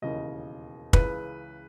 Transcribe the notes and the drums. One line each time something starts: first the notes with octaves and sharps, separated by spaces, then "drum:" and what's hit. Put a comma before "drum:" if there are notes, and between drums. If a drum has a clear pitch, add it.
E1 D#2 C#3 E3 D#5
C#2 C#3 E3 B4, drum: kick